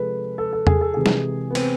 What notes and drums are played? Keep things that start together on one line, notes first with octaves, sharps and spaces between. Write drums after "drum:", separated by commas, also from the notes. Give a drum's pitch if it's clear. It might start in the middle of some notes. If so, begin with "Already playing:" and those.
Already playing: C3 F3 G#3 A4 B4
A4
A4
G#4, drum: tom E2
A4
C3 E3 G#3 G#4
drum: snare
B3
C4, drum: cymbal